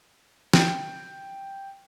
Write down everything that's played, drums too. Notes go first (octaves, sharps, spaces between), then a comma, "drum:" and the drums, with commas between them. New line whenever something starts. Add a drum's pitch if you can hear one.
G5, drum: snare